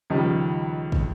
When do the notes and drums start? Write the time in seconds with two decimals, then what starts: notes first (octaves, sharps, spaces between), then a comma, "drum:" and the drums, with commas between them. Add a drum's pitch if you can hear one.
0.10 C#2 D#3 F3 G3
0.92 drum: kick